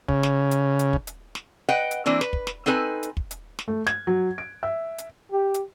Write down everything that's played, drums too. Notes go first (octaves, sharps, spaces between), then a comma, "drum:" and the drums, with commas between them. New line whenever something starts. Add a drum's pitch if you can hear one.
C#3, drum: kick
drum: snare
drum: hi-hat
drum: hi-hat
drum: kick
drum: hi-hat
drum: snare
B4 D#5 F#5 G5
drum: hi-hat
E3 A#3 C4 D4
B4, drum: snare
drum: kick
drum: snare
C4 D#4 A4 B4 G#5
drum: hi-hat
drum: kick
drum: hi-hat
drum: snare
A3
G#6, drum: snare
F#3
D7
E5
drum: hi-hat
G4
drum: hi-hat